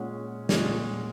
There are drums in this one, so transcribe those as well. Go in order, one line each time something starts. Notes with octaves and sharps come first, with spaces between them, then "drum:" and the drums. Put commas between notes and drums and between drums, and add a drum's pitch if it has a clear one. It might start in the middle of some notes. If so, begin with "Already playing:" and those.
Already playing: A#2 G#3 C#4 F#5
A#2 G#3 C#4, drum: snare